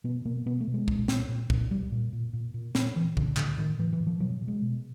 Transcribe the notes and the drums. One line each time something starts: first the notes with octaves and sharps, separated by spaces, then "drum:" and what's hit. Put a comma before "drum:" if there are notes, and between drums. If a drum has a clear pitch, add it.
B2 B3
B2 A#3
B2 B3
A3
B2
G#3
A#2, drum: kick
A#2, drum: snare
A#2
A#2, drum: kick
A#2 G3
A#2
A#2
A#2
A#2
A#2, drum: snare
A#2 E3
A#2 D3, drum: kick
A2 D3, drum: clap
A2 D#3
A2 E3
E3
A2
F3
B2 F#3
B2
G#3
B2